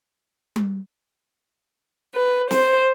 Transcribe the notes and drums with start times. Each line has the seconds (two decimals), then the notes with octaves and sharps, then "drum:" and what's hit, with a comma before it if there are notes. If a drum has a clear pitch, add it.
0.56 drum: tom G3
2.14 B4
2.51 C5, drum: snare